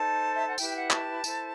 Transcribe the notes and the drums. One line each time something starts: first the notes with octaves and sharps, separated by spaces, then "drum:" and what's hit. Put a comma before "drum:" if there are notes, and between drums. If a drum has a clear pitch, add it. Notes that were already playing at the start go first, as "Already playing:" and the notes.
Already playing: D#4 A4 C5 A5
E5
F#5
E4 G4 B4 G5, drum: tambourine
G5
F#5
A5, drum: clap
E4 A4 C5, drum: tambourine